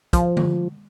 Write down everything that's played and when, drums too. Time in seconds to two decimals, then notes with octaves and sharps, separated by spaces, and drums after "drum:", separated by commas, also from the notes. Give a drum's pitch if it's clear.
0.13 F3, drum: kick, hi-hat
0.37 drum: tom D3